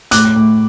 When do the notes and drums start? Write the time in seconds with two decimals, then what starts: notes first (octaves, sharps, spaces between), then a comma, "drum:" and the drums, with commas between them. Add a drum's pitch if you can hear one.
0.11 A2 D6 F#6, drum: hi-hat
0.36 A2